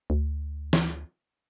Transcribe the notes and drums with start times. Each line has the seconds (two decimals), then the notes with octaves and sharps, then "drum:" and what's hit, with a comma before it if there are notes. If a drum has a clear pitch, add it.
0.10 D2
0.73 drum: snare